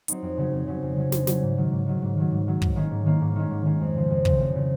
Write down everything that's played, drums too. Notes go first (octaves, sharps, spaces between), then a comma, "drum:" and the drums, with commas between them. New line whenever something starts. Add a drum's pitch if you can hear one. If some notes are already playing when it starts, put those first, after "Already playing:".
F#3 C4 D#4, drum: hi-hat
F2
C#3 F#3 C#4
F2
C#3 F#3 C#4
F2
C#3 F#3 C#4
F2, drum: snare
C#3 F#3 C#4, drum: snare
G#2
D#3 F#3
G#2
D#3 F#3
G#2
D#3 F#3
G#2
D#3 F#3
G#2, drum: kick
D#3 A#3 C#4
G#2
D#3 A#3 C#4
G#2
D#3 A#3 C#4
G#2
D#3 A#3 C#4
F2
C#3 F3
F2
C#3 F3, drum: kick
F2
C#3 F3